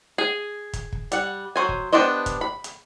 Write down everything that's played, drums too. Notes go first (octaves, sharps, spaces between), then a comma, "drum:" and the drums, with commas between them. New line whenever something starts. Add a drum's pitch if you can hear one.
G#4
drum: kick, hi-hat
drum: kick
G3 F#5, drum: hi-hat
F#3 C5 G#5
drum: kick
B3 D4 G4 C5 D#5
drum: kick, hi-hat
B5
drum: hi-hat